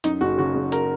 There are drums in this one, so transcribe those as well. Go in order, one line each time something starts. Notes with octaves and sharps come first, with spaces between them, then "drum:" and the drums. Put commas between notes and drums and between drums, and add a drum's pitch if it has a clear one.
F#2 D#4, drum: hi-hat
F#1 F#4
C#3 F#4
F#1
A#4, drum: hi-hat